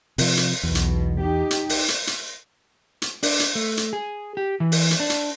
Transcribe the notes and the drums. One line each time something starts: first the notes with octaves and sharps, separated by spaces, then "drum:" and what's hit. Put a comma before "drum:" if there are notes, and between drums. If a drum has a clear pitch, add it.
C3 F3, drum: open hi-hat
drum: hi-hat
B1 E2 B2
drum: hi-hat
D#4 G4
drum: hi-hat
drum: open hi-hat
drum: hi-hat
drum: hi-hat
drum: hi-hat
D4, drum: open hi-hat
drum: hi-hat
A3
drum: hi-hat
G#4
G4
E3
drum: open hi-hat
drum: hi-hat
D4
drum: hi-hat